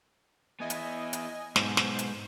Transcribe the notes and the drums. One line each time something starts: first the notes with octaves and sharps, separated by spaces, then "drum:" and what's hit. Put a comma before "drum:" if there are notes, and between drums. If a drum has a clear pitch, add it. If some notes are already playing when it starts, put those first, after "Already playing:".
B3 E4 D#5 G#5
drum: hi-hat
drum: hi-hat
B1 G#2 B3 C5, drum: snare
drum: snare
drum: hi-hat